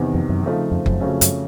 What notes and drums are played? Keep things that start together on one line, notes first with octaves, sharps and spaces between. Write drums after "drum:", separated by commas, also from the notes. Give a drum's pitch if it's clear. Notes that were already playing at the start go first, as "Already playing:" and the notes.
Already playing: E2 C3 D#3
F2
F#2
C#3 F3 A3 C4 D#4
F2
F#2, drum: kick F#1
F2 C#3 F#3 A3 C#4
F#2, drum: hi-hat